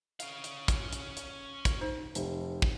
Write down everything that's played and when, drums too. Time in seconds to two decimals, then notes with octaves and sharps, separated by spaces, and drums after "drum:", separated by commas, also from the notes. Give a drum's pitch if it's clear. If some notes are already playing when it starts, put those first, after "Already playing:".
0.20 C#4 F5, drum: hi-hat
0.44 drum: hi-hat
0.68 drum: kick, hi-hat
0.93 drum: hi-hat
1.17 drum: hi-hat
1.65 drum: kick, hi-hat
1.81 D#4 C5
2.15 F1, drum: hi-hat
2.62 drum: kick